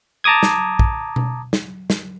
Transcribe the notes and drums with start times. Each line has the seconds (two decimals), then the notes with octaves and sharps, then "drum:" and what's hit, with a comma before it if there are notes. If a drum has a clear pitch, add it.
0.24 A5 A#5 D6 D#6 G#6
0.43 drum: snare
0.79 drum: kick
1.16 drum: tom B2
1.53 drum: snare
1.90 drum: snare